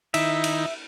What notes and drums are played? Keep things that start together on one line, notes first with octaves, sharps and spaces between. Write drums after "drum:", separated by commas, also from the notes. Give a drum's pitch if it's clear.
D#3 D#4 E4 E5, drum: cymbal
drum: cymbal